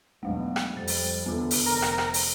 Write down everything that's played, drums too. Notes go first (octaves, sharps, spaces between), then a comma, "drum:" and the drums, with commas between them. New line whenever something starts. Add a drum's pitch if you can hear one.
E2 B2 F#3 G#3 A3
drum: rim click
F2 G3 A6
drum: open hi-hat
E2 D3 B3 F4
drum: open hi-hat
F1 A#4
drum: rim click
drum: rim click
drum: open hi-hat